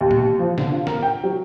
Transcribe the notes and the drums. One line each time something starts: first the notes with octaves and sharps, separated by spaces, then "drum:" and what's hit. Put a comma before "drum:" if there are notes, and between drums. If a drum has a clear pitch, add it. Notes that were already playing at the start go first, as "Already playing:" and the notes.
D#2
drum: tom
D#2
F3
D3, drum: snare
F4
A#4, drum: snare
G5
F#3